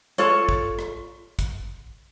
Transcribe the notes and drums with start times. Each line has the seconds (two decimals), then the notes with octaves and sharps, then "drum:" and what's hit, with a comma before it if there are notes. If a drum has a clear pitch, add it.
0.18 F4 A4 C#5, drum: hi-hat
0.49 drum: kick
0.79 drum: rim click
1.39 drum: kick, hi-hat